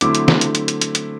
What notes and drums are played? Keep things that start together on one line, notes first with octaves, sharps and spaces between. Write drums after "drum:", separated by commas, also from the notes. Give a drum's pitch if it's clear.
D3 F#3 A3 C4 E4 D6, drum: hi-hat
drum: hi-hat
drum: snare
drum: hi-hat
drum: hi-hat
drum: hi-hat
drum: hi-hat
drum: hi-hat